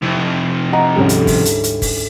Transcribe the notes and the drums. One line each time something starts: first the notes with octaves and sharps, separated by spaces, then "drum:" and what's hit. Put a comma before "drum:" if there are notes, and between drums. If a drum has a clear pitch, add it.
F2 C3 E4
D#5 F#5 A#5
D2 G#2 G3 C#4
drum: hi-hat
drum: kick F#1, open hi-hat
drum: hi-hat
drum: hi-hat
drum: kick F#1, open hi-hat